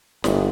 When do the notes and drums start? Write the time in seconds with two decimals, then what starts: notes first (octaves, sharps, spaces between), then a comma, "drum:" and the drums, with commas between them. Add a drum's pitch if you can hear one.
0.24 G1, drum: snare